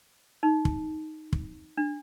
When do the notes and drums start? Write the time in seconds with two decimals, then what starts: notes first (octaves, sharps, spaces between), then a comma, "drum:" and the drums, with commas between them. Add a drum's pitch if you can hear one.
0.43 D#4
0.65 drum: kick
1.33 drum: kick
1.77 D4